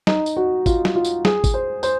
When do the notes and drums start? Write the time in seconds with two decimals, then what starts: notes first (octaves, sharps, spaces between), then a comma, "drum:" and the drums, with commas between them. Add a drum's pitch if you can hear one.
0.07 D#4, drum: snare
0.26 drum: tambourine
0.36 F#4
0.66 F4, drum: kick G#1, tambourine
0.85 drum: snare
0.95 F4
1.05 drum: tambourine
1.25 G#4, drum: snare
1.44 drum: kick G#1, tambourine
1.54 C5
1.83 C5, drum: tambourine